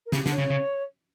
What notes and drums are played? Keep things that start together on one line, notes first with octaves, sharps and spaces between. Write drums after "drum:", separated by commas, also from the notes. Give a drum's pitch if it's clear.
A#4
C#3 G4, drum: snare
D3, drum: snare
C#5
C#3
C#3